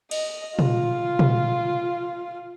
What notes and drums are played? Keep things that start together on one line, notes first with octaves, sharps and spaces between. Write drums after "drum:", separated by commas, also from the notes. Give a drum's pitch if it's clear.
D#5, drum: cymbal
F4, drum: tom
drum: tom